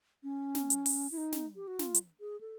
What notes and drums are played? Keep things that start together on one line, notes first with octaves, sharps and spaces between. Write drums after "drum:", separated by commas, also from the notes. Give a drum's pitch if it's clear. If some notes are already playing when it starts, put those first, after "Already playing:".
C#4
drum: snare
drum: hi-hat
drum: open hi-hat
E4
D#4
drum: snare
G4
F#4
F4, drum: snare
drum: hi-hat
G#4
A4